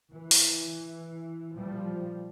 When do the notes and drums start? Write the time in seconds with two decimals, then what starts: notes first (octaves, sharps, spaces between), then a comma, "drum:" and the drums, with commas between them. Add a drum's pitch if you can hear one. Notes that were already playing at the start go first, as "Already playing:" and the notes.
0.12 E3
0.31 drum: open hi-hat
1.55 A#2 F3 G3